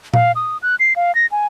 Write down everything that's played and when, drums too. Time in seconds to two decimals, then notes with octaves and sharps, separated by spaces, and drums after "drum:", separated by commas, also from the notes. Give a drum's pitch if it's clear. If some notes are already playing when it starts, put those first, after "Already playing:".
0.14 F5, drum: tom A#2
0.36 D#6
0.62 F#6
0.80 C7
0.96 F5
1.15 A#6
1.32 G#5